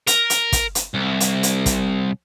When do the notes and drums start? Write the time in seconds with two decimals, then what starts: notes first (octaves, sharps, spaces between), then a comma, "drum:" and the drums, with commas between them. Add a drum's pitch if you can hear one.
0.07 A#4, drum: hi-hat
0.30 drum: hi-hat
0.52 drum: kick, hi-hat
0.75 drum: hi-hat
0.94 C2
1.20 drum: hi-hat
1.43 drum: hi-hat
1.66 drum: kick, hi-hat